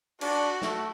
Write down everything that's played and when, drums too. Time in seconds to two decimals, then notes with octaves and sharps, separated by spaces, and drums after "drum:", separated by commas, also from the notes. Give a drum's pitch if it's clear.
0.21 D4 F#4, drum: cymbal
0.62 A3, drum: snare